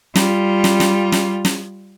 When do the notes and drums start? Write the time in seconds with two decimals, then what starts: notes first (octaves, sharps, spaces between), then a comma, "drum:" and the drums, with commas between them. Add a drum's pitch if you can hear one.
0.15 G3 F4, drum: snare
0.64 drum: snare
0.80 drum: snare
1.12 drum: snare
1.45 drum: snare